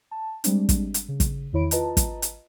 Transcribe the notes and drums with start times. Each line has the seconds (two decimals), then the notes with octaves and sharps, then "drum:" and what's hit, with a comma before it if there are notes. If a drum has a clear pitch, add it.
0.11 A5
0.44 G3 G#3 C4 D4, drum: hi-hat
0.69 drum: kick, hi-hat
0.94 drum: hi-hat
1.08 C#3
1.20 drum: kick, hi-hat
1.53 E2 D#3 E4 C#5 B5 D7
1.71 F4 B4 D#5 A5 A#5, drum: hi-hat
1.97 drum: kick, hi-hat
2.22 drum: hi-hat